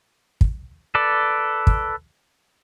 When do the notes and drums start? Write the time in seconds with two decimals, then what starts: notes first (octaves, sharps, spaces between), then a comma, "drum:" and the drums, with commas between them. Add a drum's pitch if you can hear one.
0.41 drum: kick
0.95 A4 B4 D5
1.67 drum: kick